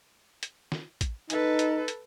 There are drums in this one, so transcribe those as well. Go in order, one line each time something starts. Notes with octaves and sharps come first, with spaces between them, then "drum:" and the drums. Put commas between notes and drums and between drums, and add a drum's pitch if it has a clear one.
drum: hi-hat
drum: snare
drum: kick A1, hi-hat
D#4 A4 B4, drum: hi-hat
drum: hi-hat
drum: hi-hat